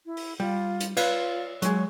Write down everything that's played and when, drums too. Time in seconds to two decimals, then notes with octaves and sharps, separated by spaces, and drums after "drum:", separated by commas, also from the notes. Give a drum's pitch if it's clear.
0.06 E4
0.17 drum: open hi-hat
0.40 G3 F4
0.80 drum: hi-hat
0.97 F4 B4 F5, drum: cymbal
1.62 F#3 G#3 C#6, drum: hi-hat